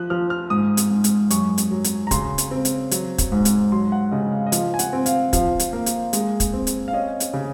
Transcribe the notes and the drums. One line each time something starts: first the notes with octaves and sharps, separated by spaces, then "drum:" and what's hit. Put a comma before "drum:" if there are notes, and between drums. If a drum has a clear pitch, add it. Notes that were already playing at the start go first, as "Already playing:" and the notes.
Already playing: F3 F#6
F3 F6
F6
G#2 D#6
drum: hi-hat
G#2
drum: hi-hat
F#2 C#6, drum: hi-hat
drum: hi-hat
F#3
drum: hi-hat
A#5
C#3 C6, drum: kick, hi-hat
drum: hi-hat
C4
drum: hi-hat
F#3, drum: hi-hat
drum: kick, hi-hat
G#2
drum: hi-hat
F#3 C6
F#5
C#3 D#5
F5
D#5
F3 F5, drum: hi-hat
G#5
F#5, drum: hi-hat
C4
F5, drum: hi-hat
F3 F5, drum: kick, hi-hat
drum: hi-hat
A#3
drum: hi-hat
G#3, drum: hi-hat
drum: kick, hi-hat
C4
drum: hi-hat
F5
C#4 D#5
drum: hi-hat
C#3